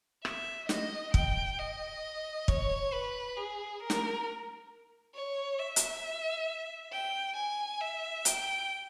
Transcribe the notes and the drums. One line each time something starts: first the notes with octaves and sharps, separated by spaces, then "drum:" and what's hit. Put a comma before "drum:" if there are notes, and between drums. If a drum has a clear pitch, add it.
E5, drum: rim click
D#5, drum: snare
G5, drum: kick
D#5
C#5, drum: kick
B4
G#4
A#4
drum: snare
C#5
E5
drum: hi-hat
G5
G#5
E5
G5, drum: hi-hat